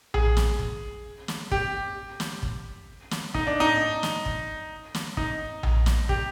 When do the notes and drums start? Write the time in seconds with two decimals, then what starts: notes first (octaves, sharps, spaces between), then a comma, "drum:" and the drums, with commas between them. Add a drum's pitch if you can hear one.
0.14 G#4, drum: tom A#1
0.37 drum: snare
0.59 drum: kick
1.28 drum: snare
1.52 G4, drum: kick
2.20 drum: snare
2.43 drum: kick
3.11 drum: snare
3.34 D#4, drum: kick
3.47 D4
3.60 D#4
4.03 drum: snare
4.26 drum: kick
4.95 drum: snare
5.17 D#4, drum: kick
5.63 drum: tom A#1
5.86 drum: snare
6.09 G4, drum: kick